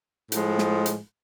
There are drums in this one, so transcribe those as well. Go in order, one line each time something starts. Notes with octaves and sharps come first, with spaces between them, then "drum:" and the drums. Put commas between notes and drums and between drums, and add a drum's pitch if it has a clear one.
A2 F3 G#3, drum: hi-hat
drum: snare
drum: hi-hat